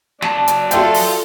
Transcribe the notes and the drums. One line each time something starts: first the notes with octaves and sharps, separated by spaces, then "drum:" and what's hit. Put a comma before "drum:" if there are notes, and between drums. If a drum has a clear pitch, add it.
F#3 D5 A5, drum: snare
drum: hi-hat
F4 F#4 A4 E5 G5, drum: hi-hat
drum: open hi-hat